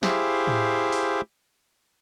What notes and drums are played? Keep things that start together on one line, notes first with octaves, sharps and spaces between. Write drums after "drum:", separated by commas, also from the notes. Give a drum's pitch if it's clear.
E4 G4 G#4 C5 E5 F5, drum: snare
drum: tom A2
drum: open hi-hat